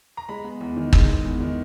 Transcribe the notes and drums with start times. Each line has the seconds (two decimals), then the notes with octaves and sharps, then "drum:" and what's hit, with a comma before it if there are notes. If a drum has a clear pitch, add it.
0.17 A#5
0.29 G#3 B5
0.44 B3
0.61 E2
0.76 D#3
0.93 G#3, drum: kick
1.08 B3
1.25 E2
1.40 D#3